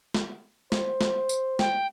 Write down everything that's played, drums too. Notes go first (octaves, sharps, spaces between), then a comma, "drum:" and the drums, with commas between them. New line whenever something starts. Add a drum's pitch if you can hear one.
drum: snare
C5, drum: snare
drum: snare
drum: tambourine
G5, drum: snare